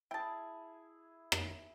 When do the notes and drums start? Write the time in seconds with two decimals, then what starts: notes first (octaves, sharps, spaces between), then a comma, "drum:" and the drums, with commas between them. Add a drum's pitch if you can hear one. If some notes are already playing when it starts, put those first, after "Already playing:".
0.11 E4 G#4 G5 A5
1.32 drum: rim click